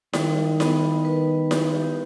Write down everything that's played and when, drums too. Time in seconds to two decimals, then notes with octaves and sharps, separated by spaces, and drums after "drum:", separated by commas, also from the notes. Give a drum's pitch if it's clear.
0.13 D#3 G3, drum: snare E4
0.60 B3, drum: snare E4
1.05 B4
1.51 G4, drum: snare E4